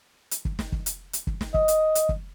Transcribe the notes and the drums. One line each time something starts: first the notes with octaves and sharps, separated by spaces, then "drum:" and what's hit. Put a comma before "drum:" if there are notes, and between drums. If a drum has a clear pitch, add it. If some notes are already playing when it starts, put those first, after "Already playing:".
drum: hi-hat
drum: kick
drum: snare
drum: kick
drum: hi-hat
drum: hi-hat
drum: kick
drum: snare
D#5, drum: kick
drum: hi-hat
drum: hi-hat
drum: kick